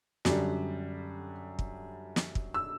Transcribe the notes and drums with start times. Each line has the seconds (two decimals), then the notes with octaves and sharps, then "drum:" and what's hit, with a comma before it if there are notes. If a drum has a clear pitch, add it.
0.25 F#2 D3 G3, drum: snare
1.59 drum: kick
2.16 drum: snare
2.35 drum: kick
2.54 E6